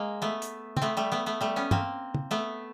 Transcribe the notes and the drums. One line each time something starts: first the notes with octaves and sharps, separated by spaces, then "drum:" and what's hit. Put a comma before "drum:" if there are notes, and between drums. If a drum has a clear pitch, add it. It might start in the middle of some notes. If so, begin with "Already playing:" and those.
Already playing: G#3 A#3
A3 B3
drum: hi-hat
C4, drum: tom
A3 B3
G3 A3
A3 B3
A3 B3
G3 A3
B3 C#4
A#3 C4, drum: tom
drum: tom
A3 B3